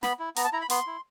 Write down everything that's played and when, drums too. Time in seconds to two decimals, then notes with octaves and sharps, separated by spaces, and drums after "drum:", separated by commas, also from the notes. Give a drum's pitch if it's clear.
0.03 B3 B5, drum: snare
0.19 E4
0.36 B3 A#5, drum: hi-hat
0.44 A5
0.53 E4 A#5
0.61 B5
0.70 B3 C6, drum: hi-hat
0.87 E4